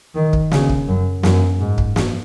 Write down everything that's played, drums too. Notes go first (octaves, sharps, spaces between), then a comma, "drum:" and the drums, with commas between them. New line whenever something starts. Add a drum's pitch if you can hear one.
D#3
drum: kick
C#3, drum: snare
drum: kick
F#2
F#2, drum: snare
G#2
drum: kick
drum: snare